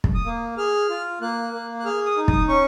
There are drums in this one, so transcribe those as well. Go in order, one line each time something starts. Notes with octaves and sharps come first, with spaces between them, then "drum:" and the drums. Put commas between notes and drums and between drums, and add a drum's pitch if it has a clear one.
drum: kick
D#6
A#3
G#4 F6
F4
A#3 F#6
A#3
F#6
G#4 F6
D#6
D#4
D#6, drum: kick
C#4 C#6